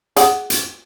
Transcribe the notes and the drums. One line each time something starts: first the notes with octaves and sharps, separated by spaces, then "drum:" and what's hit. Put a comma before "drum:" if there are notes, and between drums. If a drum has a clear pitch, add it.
G#4 D5 F#5, drum: hi-hat
drum: hi-hat